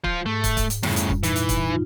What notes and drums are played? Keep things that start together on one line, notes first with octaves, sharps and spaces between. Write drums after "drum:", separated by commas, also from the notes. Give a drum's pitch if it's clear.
F3 F4 G6, drum: kick
G#2 A3
drum: kick, hi-hat
drum: kick, hi-hat
drum: hi-hat
F2 A2 C#3 G3, drum: snare
drum: hi-hat
drum: kick
A#2 E3 D#4, drum: hi-hat
drum: hi-hat
drum: kick, hi-hat
D#4 F4